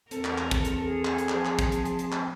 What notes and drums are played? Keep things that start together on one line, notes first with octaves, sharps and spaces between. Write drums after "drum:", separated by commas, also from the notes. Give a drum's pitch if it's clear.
E2 C4 A4 A#4, drum: hi-hat
drum: clap
drum: clap
drum: kick, hi-hat
drum: hi-hat
G#4
drum: clap
drum: hi-hat
F3 A5, drum: clap
drum: clap
drum: kick, hi-hat
drum: hi-hat
drum: hi-hat
drum: hi-hat
drum: clap